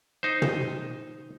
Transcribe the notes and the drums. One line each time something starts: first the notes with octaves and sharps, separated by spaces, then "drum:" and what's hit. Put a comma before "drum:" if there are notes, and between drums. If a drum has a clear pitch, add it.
D#4 C5
drum: tom